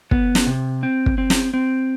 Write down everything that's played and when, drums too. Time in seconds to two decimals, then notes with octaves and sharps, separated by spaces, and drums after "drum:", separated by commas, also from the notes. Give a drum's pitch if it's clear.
0.11 B3, drum: kick
0.35 drum: snare
0.47 C3
0.83 C4
1.06 drum: kick
1.18 C4
1.30 drum: snare
1.54 C4